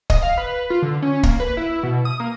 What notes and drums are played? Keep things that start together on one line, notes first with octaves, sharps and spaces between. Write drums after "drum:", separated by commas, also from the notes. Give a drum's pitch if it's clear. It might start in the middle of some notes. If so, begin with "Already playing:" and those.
D#5, drum: kick
F5
B4
F4
D3
C#4
A#3, drum: kick
B4
E4
B2
D#6
A#3